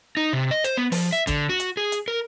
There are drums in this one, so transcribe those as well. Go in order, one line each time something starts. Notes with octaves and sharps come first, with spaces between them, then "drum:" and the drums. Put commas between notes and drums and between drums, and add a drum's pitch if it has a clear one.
D#4
C3
D#5
C5, drum: hi-hat
B3
F3, drum: open hi-hat
E5
D3, drum: kick, hi-hat
F#4
drum: hi-hat
G#4
drum: hi-hat
A#4